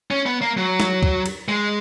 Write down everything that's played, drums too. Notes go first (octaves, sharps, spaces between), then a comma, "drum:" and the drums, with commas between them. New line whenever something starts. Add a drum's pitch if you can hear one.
C#4
B3
A#3
F#3
drum: snare
drum: kick
drum: cymbal
G#3